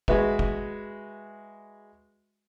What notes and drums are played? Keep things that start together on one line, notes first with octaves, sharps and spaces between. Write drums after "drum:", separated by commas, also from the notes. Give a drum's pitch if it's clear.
G#3 F#4 B4 E5, drum: kick
drum: kick